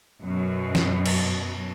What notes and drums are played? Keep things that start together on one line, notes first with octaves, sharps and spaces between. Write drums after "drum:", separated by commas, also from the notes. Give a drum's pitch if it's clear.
F#2 B2
drum: snare
drum: cymbal